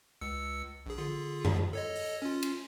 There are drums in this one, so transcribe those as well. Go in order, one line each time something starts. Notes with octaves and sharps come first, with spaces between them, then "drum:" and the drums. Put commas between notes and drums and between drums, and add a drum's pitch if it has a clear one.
C#2 E6 C#7
A#1 G#4
D3 F4 G#4
drum: tom F#2
A4 C#5 D#5
drum: open hi-hat
C#4 F4
drum: cymbal